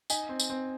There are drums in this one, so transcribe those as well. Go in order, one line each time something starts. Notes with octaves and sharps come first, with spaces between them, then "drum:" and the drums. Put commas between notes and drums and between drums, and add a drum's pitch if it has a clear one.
D#4 G#5, drum: tambourine
C4
drum: tambourine
C4